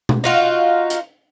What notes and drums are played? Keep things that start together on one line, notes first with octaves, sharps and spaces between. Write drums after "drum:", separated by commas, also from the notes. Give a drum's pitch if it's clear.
drum: tom B2
D#4 F4 F#4
drum: hi-hat